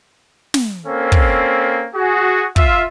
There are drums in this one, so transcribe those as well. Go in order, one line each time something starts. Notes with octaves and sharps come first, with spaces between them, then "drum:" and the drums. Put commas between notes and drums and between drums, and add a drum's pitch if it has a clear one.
drum: snare
A#3 C4 C#4 A4
drum: kick
F#4 G#4
F4 E5, drum: kick